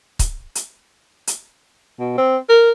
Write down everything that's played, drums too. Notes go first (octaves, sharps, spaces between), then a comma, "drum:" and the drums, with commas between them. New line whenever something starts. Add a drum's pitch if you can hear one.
drum: kick C#1, hi-hat
drum: hi-hat
drum: hi-hat
B2
C4
A#4